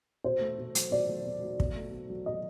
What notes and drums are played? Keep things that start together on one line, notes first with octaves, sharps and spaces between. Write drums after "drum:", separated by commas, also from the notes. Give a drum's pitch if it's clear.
B2 C5
A3
B2
F#3, drum: hi-hat
B2 D5
A3
B2
F#3
B2, drum: kick
A3
B2
F#3
B2 D#5